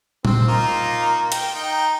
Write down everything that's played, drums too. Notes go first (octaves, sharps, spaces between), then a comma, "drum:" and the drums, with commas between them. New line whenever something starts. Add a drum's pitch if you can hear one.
C4, drum: tom A#2
A#3 D#4 F4
G5, drum: hi-hat
D#4 G5 A#5